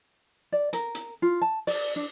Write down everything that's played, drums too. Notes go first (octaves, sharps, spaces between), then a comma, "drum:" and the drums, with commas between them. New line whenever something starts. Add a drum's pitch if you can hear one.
D5
A#4, drum: hi-hat
drum: hi-hat
F4
A5
D5, drum: open hi-hat
D4